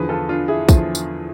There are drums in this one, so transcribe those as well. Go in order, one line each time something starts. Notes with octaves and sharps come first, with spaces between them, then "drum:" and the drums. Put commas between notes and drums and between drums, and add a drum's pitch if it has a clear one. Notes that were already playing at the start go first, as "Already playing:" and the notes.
Already playing: E2 D3 F3 G#4 B4
F4 A4
D4 F4
E4 G#4
E2 D3 F3, drum: kick, tambourine
drum: tambourine